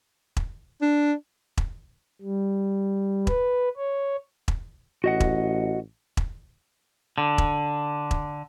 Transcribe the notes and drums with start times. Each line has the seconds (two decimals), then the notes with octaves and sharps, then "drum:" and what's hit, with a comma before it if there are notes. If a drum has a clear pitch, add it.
0.37 drum: kick E1
0.82 D4
1.57 drum: kick E1
2.22 G3
3.27 B4, drum: kick E1
3.77 C#5
4.48 drum: kick E1
5.04 A1 F#4 D#5 F#5
5.20 drum: kick E1
6.17 drum: kick E1
7.18 D3
7.38 drum: kick E1
8.11 drum: kick E1